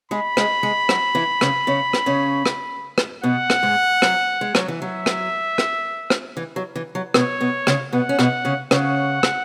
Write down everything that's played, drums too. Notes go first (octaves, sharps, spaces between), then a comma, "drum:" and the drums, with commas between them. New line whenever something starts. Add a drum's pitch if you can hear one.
G#3 G#4 B5
G#3 G#4, drum: rim click
G#3 G#4
F#3 F#4, drum: rim click
E3 E4
C#3 C#4, drum: rim click
C#3 C#4
drum: rim click
C#3 C#4
drum: rim click
drum: rim click
B2 B3 F#5
drum: rim click
G#2 G#3
F#3, drum: rim click
G#3
F#3, drum: rim click
E3
F#3 E5
drum: rim click
drum: rim click
drum: rim click
E3
F#3
E3
F#3
B2 B3 C#5, drum: rim click
B2 B3
C#3 C#4, drum: rim click
B2 B3 F#5
C#4
B2 B3, drum: rim click
C#3 C#4
C#3 C#4 F#5, drum: rim click
drum: rim click